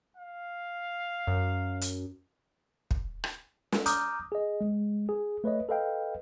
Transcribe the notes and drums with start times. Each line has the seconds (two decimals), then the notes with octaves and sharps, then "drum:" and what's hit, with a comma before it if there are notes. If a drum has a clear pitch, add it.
0.17 F5
1.27 F#2
1.81 drum: hi-hat
2.91 drum: kick
3.24 drum: rim click
3.72 drum: snare
3.86 A#5 D6 D#6 F6 G6, drum: hi-hat
4.32 G#4 D#5
4.61 G#3
5.09 G#4
5.44 A3 B4 C#5 D#5
5.69 A4 B4 D#5 F5 G5